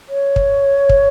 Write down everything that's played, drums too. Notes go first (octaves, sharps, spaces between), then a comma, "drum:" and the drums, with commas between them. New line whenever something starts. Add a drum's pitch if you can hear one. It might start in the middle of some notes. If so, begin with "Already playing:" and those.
C#5
drum: kick
drum: kick